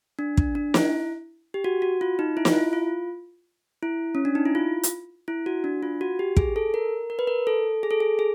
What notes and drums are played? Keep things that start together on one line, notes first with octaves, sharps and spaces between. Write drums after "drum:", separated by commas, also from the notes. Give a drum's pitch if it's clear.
D4
D4, drum: kick
D4
E4, drum: snare
G4
F#4
F#4
F4
D#4
E4
F4, drum: snare
E4
F4
E4
C#4
D4
D#4
E4
F4
drum: hi-hat
E4
F#4
D4
F4
F#4
G4
G#4, drum: kick
A4
A#4
A#4
B4
A#4
A4
G#4
A4
G#4
G#4